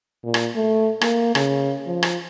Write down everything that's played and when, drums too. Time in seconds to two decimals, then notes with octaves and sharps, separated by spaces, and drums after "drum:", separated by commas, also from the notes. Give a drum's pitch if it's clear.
0.24 A#2
0.34 drum: rim click
0.56 A3
1.01 A#3, drum: rim click
1.35 C#3, drum: rim click
1.87 F3
2.03 drum: rim click